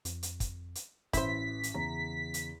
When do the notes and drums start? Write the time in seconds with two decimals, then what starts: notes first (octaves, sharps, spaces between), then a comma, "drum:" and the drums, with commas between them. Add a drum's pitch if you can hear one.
0.05 F2, drum: hi-hat
0.23 drum: hi-hat
0.40 drum: kick, hi-hat
0.75 drum: hi-hat
1.13 A1 E3 E4 C5 B6, drum: kick, hi-hat
1.63 drum: hi-hat
1.74 E2 C#3 A#5
2.34 drum: hi-hat